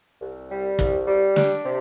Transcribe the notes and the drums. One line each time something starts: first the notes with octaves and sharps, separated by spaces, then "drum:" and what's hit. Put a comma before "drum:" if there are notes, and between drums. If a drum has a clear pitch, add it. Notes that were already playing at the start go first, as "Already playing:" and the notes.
C2
G3
C2, drum: kick
G3
D4, drum: snare
C3